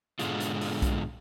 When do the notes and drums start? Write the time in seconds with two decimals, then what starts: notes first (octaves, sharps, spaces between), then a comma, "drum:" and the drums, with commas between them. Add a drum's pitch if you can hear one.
0.19 G#2 B2 D3 G#3 F4, drum: hi-hat
0.40 drum: hi-hat
0.61 drum: open hi-hat
0.82 drum: kick B1, hi-hat